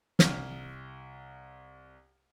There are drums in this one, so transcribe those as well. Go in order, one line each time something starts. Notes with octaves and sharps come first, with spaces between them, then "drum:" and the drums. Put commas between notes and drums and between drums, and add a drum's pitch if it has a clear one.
C2 F6, drum: snare